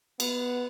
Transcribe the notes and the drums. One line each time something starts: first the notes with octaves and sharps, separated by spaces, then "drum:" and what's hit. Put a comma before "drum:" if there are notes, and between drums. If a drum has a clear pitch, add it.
B3, drum: cymbal